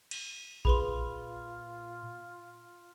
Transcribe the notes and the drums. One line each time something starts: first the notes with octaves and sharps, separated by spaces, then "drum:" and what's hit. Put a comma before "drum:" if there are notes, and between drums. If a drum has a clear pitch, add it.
drum: cymbal
A#2 F4 G#4 B4 B5 C6, drum: kick A#1